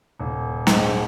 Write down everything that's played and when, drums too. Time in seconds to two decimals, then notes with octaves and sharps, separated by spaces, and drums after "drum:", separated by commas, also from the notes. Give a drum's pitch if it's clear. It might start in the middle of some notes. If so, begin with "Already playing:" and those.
0.19 D#1
0.67 G#2, drum: snare